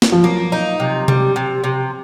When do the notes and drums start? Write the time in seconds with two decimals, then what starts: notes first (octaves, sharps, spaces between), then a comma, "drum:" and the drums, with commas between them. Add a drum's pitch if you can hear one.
0.02 drum: snare
0.12 F3
0.23 F#3 A#3
0.52 D#4
0.80 C3
1.08 G3, drum: tom C3
1.36 C3
1.64 C3